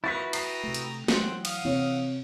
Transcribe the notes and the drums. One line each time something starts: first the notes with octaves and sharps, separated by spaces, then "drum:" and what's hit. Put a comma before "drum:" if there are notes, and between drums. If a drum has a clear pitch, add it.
D#3 F3 D#4 E4 F#4 B4 A6 B6
G5 A#5 D#6 C7, drum: cymbal
C3 A3
drum: hi-hat
E3 F#3 C5 F#5 G5, drum: snare
F5 D#6, drum: cymbal
C3 E3 C#5